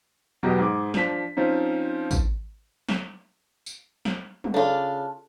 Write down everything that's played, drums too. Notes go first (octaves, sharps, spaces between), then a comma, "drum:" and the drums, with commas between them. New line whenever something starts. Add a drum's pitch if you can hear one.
E2 B2 F#3 G4 B4 D#5
G#2 G#4 D6
F3 D4 B6, drum: snare
F3 C4 C#4 D#4
drum: kick, tambourine
drum: snare
drum: tambourine
drum: snare
drum: tom
C#3 D4 F4 A4 C#5